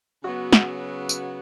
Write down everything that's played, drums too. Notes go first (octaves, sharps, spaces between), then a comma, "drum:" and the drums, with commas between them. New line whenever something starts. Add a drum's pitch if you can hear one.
C#3 F#3 B3 F#4
drum: snare
drum: tambourine